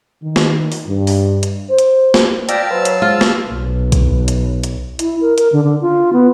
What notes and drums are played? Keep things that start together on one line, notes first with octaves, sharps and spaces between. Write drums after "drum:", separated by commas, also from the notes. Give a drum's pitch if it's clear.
D#3
drum: snare
drum: open hi-hat
G2
drum: open hi-hat
drum: hi-hat
C5
drum: hi-hat
drum: snare
D5 F5 G5 A5 B5 E6 A#6, drum: hi-hat
F#3 B4 C5
drum: hi-hat
G#3 F4 C5
drum: snare
B1
drum: kick, hi-hat
drum: hi-hat
drum: hi-hat
E4, drum: hi-hat
A#4
A#4, drum: hi-hat
D3
D3
F4
B3